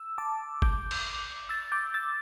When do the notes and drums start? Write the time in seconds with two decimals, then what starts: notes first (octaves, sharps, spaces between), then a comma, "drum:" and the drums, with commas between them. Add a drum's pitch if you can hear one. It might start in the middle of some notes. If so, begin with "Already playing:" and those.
Already playing: E6
0.18 A5 D6
0.62 D6 G6, drum: kick G1
0.91 drum: cymbal
1.49 E6 A6
1.72 D6 G6
1.94 E6 A6